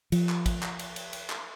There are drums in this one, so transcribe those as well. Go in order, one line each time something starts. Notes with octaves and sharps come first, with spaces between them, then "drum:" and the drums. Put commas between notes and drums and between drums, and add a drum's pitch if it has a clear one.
F3, drum: cymbal
drum: clap
drum: kick, cymbal
drum: clap
drum: cymbal
drum: cymbal
drum: cymbal
drum: clap